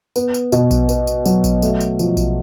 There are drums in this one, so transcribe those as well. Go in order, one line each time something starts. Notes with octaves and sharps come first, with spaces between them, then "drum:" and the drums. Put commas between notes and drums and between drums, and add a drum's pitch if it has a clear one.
B3, drum: tambourine
drum: tambourine
B2, drum: tambourine
drum: kick A#1, tambourine
B3, drum: tambourine
drum: tambourine
F#3, drum: tambourine
drum: kick A#1, tambourine
A3, drum: tambourine
drum: tambourine
F3, drum: tambourine
drum: kick A#1, tambourine